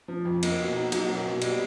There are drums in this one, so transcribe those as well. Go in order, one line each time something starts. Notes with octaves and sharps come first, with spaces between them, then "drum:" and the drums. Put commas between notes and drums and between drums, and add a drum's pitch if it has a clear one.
F3
F2
A#3, drum: cymbal
B2
D#4
F#3, drum: cymbal
A#3
B2
G3, drum: cymbal